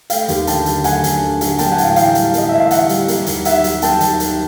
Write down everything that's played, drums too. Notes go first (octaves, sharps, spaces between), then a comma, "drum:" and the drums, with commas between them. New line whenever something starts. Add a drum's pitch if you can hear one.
A3 F5 G5, drum: hi-hat
D#2, drum: hi-hat
D3 G5 A5, drum: hi-hat
F#3, drum: hi-hat
A3 F#5 G#5, drum: hi-hat
D#2, drum: hi-hat
D3
F#3, drum: hi-hat
A#3 G5 A5, drum: hi-hat
F#5 G#5
A2, drum: hi-hat
F5 G5
E3 F5 G5, drum: hi-hat
G3, drum: hi-hat
A#3 D#5, drum: hi-hat
A2 E5
F5
E3 E5 F#5, drum: hi-hat
G3, drum: hi-hat
A#3, drum: hi-hat
D#2, drum: hi-hat
D#3 E5 F#5, drum: hi-hat
F#3, drum: hi-hat
A#3 G5 A5, drum: hi-hat
D#2, drum: hi-hat
D#3, drum: hi-hat